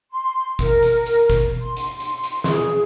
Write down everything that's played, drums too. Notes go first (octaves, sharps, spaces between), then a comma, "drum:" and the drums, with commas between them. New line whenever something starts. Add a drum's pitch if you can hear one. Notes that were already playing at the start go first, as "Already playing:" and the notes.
C6
A#4, drum: kick, hi-hat
drum: hi-hat
drum: hi-hat
drum: kick, hi-hat
C6
drum: hi-hat
drum: hi-hat
drum: hi-hat
G#4, drum: snare